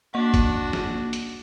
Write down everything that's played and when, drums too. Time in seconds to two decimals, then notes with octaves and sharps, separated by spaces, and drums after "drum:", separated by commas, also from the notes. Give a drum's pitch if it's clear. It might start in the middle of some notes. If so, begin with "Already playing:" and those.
0.14 A#3 D4 F#4 F#5
0.34 drum: kick, hi-hat
0.73 drum: snare
1.13 drum: hi-hat